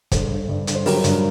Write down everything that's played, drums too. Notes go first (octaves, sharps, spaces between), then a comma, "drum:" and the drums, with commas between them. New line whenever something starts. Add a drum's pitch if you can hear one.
G2 A4 C5, drum: kick, hi-hat
G2
G2
D3, drum: hi-hat
C5
F#3 G4 A#4, drum: open hi-hat
G2, drum: hi-hat